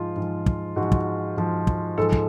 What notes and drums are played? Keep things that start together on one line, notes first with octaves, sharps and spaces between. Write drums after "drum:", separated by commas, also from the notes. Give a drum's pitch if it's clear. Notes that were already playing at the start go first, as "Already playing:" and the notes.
Already playing: G#2 F3 F4
G#2 F3
drum: kick
G#2 F3 F#4
drum: kick
G#2 F3
drum: kick
G#2 F3 A4
drum: kick